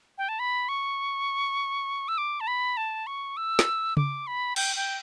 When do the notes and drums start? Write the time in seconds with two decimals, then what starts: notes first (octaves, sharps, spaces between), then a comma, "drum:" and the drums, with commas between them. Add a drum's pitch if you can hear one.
0.18 G5
0.29 A5
0.39 B5
0.69 C#6
2.08 E6
2.18 D6
2.41 A5
2.47 B5
2.77 A5
3.07 C#6
3.37 E6
3.59 drum: snare
3.97 D6, drum: tom C#3
4.27 B5
4.56 G5, drum: cymbal
4.76 G5